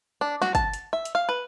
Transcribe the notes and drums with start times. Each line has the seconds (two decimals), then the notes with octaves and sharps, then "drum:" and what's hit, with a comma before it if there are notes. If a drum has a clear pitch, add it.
0.21 D4
0.42 F#4, drum: snare
0.55 A5, drum: kick, hi-hat
0.74 drum: hi-hat
0.93 E5
1.05 drum: hi-hat
1.15 F5
1.29 B4